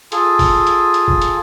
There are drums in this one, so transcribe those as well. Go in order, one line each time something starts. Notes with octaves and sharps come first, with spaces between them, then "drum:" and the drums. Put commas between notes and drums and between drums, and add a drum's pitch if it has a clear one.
F4 G#4 A4, drum: hi-hat
drum: kick, open hi-hat
drum: hi-hat
drum: hi-hat
drum: kick
drum: hi-hat